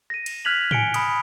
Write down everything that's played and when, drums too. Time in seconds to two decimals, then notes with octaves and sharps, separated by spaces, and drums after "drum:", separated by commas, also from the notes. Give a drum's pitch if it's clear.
0.10 A#6 D#7
0.26 drum: cymbal
0.45 F6 F#6 G#6 B6 F7 F#7
0.71 G#5 C#7 D7 G7, drum: tom G#2
0.94 B5 D#6, drum: cymbal